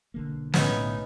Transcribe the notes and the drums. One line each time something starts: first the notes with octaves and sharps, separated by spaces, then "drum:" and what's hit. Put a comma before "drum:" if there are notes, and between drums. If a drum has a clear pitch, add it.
B1 D3 A#3
A2 B3 C#4 D#4, drum: snare